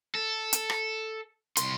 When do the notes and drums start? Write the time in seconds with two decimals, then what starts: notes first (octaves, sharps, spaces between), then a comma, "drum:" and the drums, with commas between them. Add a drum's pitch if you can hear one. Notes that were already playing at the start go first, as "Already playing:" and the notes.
0.15 A4
0.53 drum: hi-hat
0.70 drum: rim click
1.57 C2 C6, drum: hi-hat